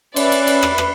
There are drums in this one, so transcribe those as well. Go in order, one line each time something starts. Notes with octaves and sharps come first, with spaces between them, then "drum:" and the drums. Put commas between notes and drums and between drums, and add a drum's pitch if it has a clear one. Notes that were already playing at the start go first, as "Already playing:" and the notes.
C#4 B4 D5 E5, drum: cymbal
drum: cymbal
drum: cymbal
drum: rim click
drum: rim click